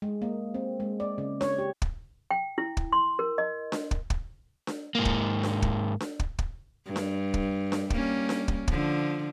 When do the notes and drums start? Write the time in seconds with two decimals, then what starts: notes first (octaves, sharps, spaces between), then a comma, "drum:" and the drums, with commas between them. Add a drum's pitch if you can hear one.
0.02 G#3
0.22 A#3
0.54 C4
0.80 G#3
1.00 D5
1.18 C#3
1.41 C#5, drum: snare D4
1.59 G4
1.82 drum: kick
2.31 G5
2.58 E4
2.77 drum: kick
2.93 C6
3.19 A#4
3.38 D#5
3.72 drum: snare D4
3.91 drum: kick
4.10 drum: kick
4.67 drum: snare D4
4.95 G#2 A#3
5.05 drum: kick
5.43 drum: snare D4
5.62 drum: kick
6.00 drum: snare D4
6.20 drum: kick
6.39 drum: kick
6.86 G2
6.96 drum: snare D4
7.34 drum: kick
7.72 drum: snare D4
7.90 G3 A#3 C#4, drum: kick
8.29 drum: snare D4
8.48 drum: kick
8.68 D3 F3, drum: kick